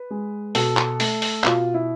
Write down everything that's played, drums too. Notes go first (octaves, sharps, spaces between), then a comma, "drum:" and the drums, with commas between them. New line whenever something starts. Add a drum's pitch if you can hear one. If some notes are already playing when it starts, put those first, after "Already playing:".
Already playing: B4
G#3
B2 A4, drum: open hi-hat
drum: clap
A3, drum: open hi-hat
drum: open hi-hat
B2 F4, drum: clap
E4